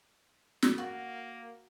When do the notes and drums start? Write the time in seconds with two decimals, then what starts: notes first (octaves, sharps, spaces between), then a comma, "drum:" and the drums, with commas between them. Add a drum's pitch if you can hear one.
0.62 drum: snare
0.78 A#3 F#4